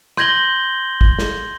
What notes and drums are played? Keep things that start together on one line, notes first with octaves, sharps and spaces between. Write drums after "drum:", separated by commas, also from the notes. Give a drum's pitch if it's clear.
C6 G6 G#6 A#6 F#7 G7, drum: rim click
drum: kick
drum: snare